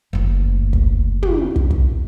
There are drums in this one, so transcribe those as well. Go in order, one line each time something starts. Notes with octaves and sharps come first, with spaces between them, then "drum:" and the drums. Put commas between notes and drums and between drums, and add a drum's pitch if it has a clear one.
F#1 D2
drum: kick
drum: tom
drum: kick
drum: kick